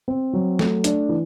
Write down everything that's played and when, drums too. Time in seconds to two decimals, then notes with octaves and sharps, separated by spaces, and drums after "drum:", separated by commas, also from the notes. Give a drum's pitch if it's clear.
0.08 C4
0.33 F#3
0.59 A3, drum: snare
0.84 D4, drum: hi-hat
1.09 E3